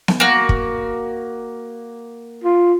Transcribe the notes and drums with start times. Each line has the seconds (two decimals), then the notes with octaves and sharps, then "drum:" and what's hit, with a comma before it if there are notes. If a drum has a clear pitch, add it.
0.08 drum: snare B3
0.20 A#3 F#4
0.49 drum: kick
2.44 F4